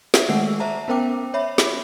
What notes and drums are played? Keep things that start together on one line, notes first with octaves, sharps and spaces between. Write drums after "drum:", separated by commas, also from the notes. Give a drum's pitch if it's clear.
C5 E5, drum: snare
D#3 G#3 A3 F#5 E6 C7
C5 E5 A5 A#5
B3 C#4 A#4 C5 G5 D6
C#5 E5 B5
drum: snare